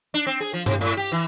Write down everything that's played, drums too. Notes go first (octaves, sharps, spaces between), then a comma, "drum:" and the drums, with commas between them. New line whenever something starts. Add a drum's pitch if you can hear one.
D4
C4
G#4
F3
C3, drum: tom G2
A2
G4
E3